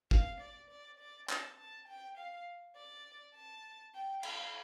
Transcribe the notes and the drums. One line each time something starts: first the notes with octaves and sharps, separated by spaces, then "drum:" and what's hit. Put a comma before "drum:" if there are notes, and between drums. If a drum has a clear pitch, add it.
F5, drum: kick
D5
D5
D5
A5, drum: clap
A5
G5
F5
D5
A5
G5
F5, drum: cymbal